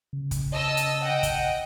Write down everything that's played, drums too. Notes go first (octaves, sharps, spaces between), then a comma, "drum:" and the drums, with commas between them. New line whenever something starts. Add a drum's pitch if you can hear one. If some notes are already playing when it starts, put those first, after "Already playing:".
C#3
drum: kick, hi-hat
D#5 A5 E6
drum: hi-hat
D#5 F#5 G5
drum: kick, hi-hat